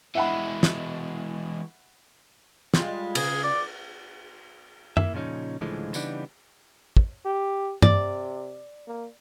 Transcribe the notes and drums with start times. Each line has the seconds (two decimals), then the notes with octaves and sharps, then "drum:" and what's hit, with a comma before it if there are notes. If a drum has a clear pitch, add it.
0.15 E3 G#3 E5 F#5 B5
0.63 drum: snare
2.74 G3 G#3 F4, drum: snare
3.15 C#3 G#4, drum: cymbal
3.44 D5
4.97 A#3 E4 E5, drum: tom F#2
5.13 A#2 C#3 F3 C#4 D#4
5.61 C#2 A2 D3 E3 F3 G#3
5.94 C#3 E3 G3 B3 D4 D#4, drum: tambourine
6.97 drum: kick
7.25 G4
7.82 C3 D5, drum: tom G2
8.87 A#3